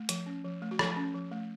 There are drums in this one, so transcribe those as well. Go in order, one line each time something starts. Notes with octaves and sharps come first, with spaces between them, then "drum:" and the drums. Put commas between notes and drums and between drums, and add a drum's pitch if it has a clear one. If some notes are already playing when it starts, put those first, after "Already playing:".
Already playing: A3
F3, drum: hi-hat
C#4
F3
A3
F#4
F3 A4, drum: rim click
C#4
F3
A3